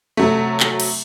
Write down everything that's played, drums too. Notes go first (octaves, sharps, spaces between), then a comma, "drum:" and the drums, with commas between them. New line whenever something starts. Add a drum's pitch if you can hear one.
C3 F#3 A3
drum: clap
drum: cymbal